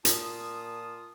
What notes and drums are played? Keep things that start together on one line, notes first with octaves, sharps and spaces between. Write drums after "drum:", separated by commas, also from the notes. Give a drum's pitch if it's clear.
A#2 F4 A5 D#6, drum: hi-hat